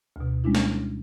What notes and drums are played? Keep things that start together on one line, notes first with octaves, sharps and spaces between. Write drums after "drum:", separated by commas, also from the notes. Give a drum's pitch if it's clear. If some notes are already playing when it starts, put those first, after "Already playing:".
D2 B2
G3 G#3 C#4 D4 E4
drum: snare